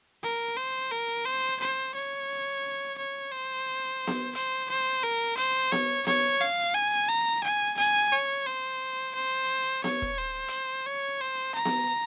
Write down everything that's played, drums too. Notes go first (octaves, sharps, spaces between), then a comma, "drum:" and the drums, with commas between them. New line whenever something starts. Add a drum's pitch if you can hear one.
A#4
C5
A#4
C5
C5
C#5
C#5
C5
drum: snare B3
C5, drum: hi-hat
C5
A#4
C5, drum: hi-hat
C#5, drum: snare B3
C#5, drum: snare B3
F5
G#5
A#5
G#5
G#5, drum: hi-hat
C#5
C5
C5
C#5, drum: snare B3
drum: kick
C5
drum: hi-hat
C#5
C5
A#5
drum: snare B3